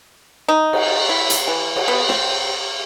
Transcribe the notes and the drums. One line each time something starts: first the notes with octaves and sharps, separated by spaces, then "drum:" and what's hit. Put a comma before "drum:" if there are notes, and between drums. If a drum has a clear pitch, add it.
D#4
drum: cymbal
E4
drum: hi-hat
E3
drum: cymbal
B3
C4, drum: snare